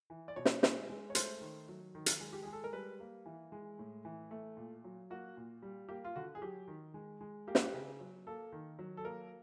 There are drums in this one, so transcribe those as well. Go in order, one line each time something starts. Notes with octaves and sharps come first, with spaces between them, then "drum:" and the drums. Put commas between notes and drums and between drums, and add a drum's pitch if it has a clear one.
E3
D5
B2 C#5
drum: snare
G#3, drum: snare
G#3
C#5
A3 C5, drum: hi-hat
D#3
F#3
D#3
drum: hi-hat
G#3
G4
G#3 G#4
A4
A#4
G3 B4
A#3
E3
G#3
A2
E3
A3
A#2
F#3
A#3 F#4
A#2
G3
A#3 G4
F4
D3 F#4
G#4
F#3 G4
D#3
G#3
G#3
A#3 G4
F#4, drum: snare
G4
C#3
F#3
A#3 A4
D#3
F#3
A4
A#3 A#4